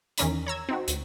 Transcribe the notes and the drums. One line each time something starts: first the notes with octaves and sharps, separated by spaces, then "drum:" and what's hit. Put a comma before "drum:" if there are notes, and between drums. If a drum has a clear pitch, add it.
E2 D#3 E3 C#4 A#5 B6, drum: hi-hat
C#5 A#5 E6 G#6
C4 D#4 F#4
D2, drum: hi-hat